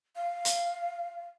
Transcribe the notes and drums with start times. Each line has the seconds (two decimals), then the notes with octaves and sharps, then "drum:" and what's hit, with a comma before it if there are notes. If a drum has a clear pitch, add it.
0.16 F5
0.45 drum: hi-hat